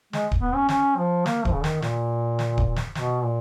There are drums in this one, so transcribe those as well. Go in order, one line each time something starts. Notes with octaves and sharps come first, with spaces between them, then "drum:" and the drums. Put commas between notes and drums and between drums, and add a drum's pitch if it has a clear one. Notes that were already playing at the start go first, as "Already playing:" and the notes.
G#3, drum: snare
drum: kick D1
B3
C#4
C#4, drum: snare
F3
A#3, drum: snare
F3, drum: kick D1
C#3
D#3, drum: snare
A#2, drum: snare
drum: snare
drum: kick D1
drum: snare
B2, drum: snare
A#2